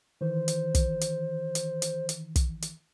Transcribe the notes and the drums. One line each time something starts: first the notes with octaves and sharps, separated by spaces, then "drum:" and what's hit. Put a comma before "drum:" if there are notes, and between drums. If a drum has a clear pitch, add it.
D#3 E3 C5
drum: hi-hat
drum: kick, hi-hat
drum: hi-hat
drum: hi-hat
drum: hi-hat
drum: hi-hat
drum: kick, hi-hat
drum: hi-hat